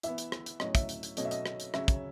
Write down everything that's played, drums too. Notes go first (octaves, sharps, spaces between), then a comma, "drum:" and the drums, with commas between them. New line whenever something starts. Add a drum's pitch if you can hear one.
E3 B3 E5, drum: hi-hat
drum: hi-hat
drum: rim click
drum: hi-hat
A2 F#3 C#4 D#5, drum: rim click
E5, drum: kick, hi-hat
drum: hi-hat
drum: hi-hat
B2 F#3 A3 C#4 D#5, drum: hi-hat
E5
D#5, drum: hi-hat
drum: rim click
drum: hi-hat
C#3 F#3 C#4 E5, drum: rim click
drum: kick, hi-hat